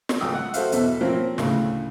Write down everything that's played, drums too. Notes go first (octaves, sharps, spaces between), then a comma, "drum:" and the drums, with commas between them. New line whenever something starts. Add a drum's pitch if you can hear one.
drum: snare
C#2 A3 G5 D#6 E6
F#5
F#4 A4 C5 E5 F5, drum: hi-hat
E2 B2 A4 E5, drum: hi-hat
F3 A#3 C4 C#4
D2 A2 C#3, drum: snare